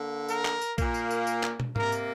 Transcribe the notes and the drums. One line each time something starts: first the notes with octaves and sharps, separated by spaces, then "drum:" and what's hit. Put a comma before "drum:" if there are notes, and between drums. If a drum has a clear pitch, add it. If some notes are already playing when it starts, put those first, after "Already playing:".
Already playing: D3 A#3
A#4, drum: tambourine
drum: clap
drum: tambourine
A#2 A#3, drum: kick A#1, tambourine
drum: tambourine
drum: tambourine
drum: tambourine
drum: clap
drum: tom
C3 A#3 A#4, drum: tom G#2
drum: tambourine